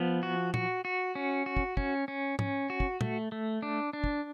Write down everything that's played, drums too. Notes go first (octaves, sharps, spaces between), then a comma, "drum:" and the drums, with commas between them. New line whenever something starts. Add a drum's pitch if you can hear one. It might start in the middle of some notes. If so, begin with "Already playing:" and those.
Already playing: F3 B3
F#4
F#4, drum: tom
F#4
C#4
F#4
drum: kick
C#4, drum: kick
C#4
C#4, drum: tom
F#4
drum: kick
A3, drum: tom
A3
D4
D4
drum: kick